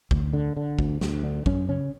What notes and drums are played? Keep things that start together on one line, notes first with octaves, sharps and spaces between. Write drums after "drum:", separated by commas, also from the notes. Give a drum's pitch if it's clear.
D2, drum: kick
D3
D3
D2, drum: kick
D2, drum: snare
D3
F#2 C#4, drum: kick
C#3 C#4